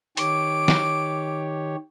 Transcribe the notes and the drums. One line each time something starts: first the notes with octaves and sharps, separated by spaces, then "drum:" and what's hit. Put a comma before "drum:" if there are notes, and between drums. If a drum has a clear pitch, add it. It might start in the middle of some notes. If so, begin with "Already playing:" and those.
D#3 G4 C#5 D6, drum: hi-hat
drum: snare